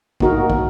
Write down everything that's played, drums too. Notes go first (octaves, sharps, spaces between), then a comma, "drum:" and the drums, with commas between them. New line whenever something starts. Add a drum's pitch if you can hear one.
A#3 D#4 F#4 A#4, drum: kick
drum: kick